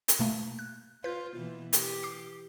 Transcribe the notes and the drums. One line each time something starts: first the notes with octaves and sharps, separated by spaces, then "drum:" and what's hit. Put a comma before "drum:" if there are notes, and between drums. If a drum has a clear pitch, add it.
drum: hi-hat
B2 A3 A#3
F#6
F4 B4 G6
B2 E3 A#3
G4, drum: hi-hat
D6 C7